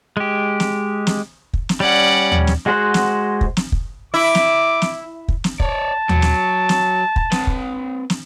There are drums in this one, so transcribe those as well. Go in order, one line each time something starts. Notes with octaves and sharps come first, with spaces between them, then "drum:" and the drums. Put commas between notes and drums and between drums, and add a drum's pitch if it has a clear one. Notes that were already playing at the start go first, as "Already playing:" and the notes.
G#3 G4
drum: snare
drum: snare
drum: kick
drum: snare
G3 C#4 D5 F#5
drum: tom D#2
drum: snare
G#3 F#4 G#4 C5 F#5
drum: snare
drum: kick
drum: snare
drum: kick
E4 D6
drum: snare
drum: snare
drum: kick
drum: snare
C#5 D5 A5, drum: kick
F#3, drum: tom D#2
drum: snare
drum: snare
drum: kick
C4 B4, drum: snare
drum: kick
drum: snare